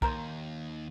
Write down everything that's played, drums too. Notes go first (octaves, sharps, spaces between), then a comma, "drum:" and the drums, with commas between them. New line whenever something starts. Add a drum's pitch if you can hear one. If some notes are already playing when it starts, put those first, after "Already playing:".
D#2 A#4 C5, drum: kick B1